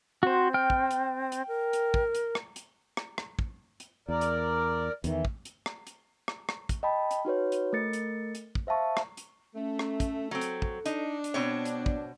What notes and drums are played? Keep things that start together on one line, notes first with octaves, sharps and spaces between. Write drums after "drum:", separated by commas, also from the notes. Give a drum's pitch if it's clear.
C4 F#4 C5
G5 F6
drum: kick
drum: hi-hat
drum: hi-hat
A#4
drum: hi-hat
drum: kick
drum: hi-hat
drum: rim click
drum: hi-hat
drum: rim click
drum: rim click
drum: kick
drum: hi-hat
E2 A#4 D5
drum: hi-hat
E2 D#3 E3, drum: hi-hat
drum: kick
drum: hi-hat
drum: rim click
drum: hi-hat
drum: rim click
drum: rim click
drum: kick, hi-hat
D#5 G5 A5 B5
drum: hi-hat
D#4 F#4 B4 C#5
drum: hi-hat
A3 A#4 A6 C#7
drum: hi-hat
drum: hi-hat
drum: kick
C5 E5 F5 A5 C#6
drum: rim click
drum: hi-hat
A3 C#4
drum: rim click
drum: kick, hi-hat
F#3 C4 A4
drum: hi-hat
drum: kick
D4 D#4, drum: hi-hat
drum: hi-hat
B2 B3 C4 C#5
drum: hi-hat
drum: kick